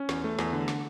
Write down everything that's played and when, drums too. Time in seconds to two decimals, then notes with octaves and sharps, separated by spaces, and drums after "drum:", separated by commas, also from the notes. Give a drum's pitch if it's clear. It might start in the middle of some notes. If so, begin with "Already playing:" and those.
Already playing: C#4
0.09 E2, drum: snare
0.24 A3
0.39 E2, drum: snare
0.53 D3
0.68 drum: snare